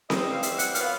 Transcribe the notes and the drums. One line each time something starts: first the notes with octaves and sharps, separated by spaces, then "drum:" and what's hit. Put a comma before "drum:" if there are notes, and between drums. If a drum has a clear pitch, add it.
E3 G3 C4 D#5, drum: snare C4
F5
E5, drum: hi-hat
F#5, drum: hi-hat
A#2 F#3 B3 F5, drum: hi-hat